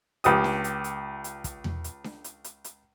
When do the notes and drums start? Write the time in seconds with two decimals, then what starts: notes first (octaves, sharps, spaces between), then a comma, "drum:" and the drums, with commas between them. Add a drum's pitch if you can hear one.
0.24 C#2 G4 D#6, drum: hi-hat
0.44 drum: snare D4
0.64 drum: hi-hat
0.84 drum: hi-hat
1.24 drum: hi-hat
1.44 drum: kick, hi-hat
1.64 drum: tom E2
1.84 drum: hi-hat
2.04 drum: snare D4
2.24 drum: hi-hat
2.44 drum: hi-hat
2.64 drum: hi-hat